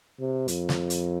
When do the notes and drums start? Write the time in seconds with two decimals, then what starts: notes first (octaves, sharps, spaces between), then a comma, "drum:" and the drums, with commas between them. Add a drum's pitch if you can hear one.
0.20 C3
0.48 F2, drum: hi-hat
0.69 drum: snare
0.90 drum: hi-hat